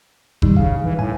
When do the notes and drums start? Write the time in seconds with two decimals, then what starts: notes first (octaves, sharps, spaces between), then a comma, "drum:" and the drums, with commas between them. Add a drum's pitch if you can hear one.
0.42 D#3 G3 D#4, drum: kick F#1
0.57 C#3 F5
0.84 E3
0.99 A2 G#5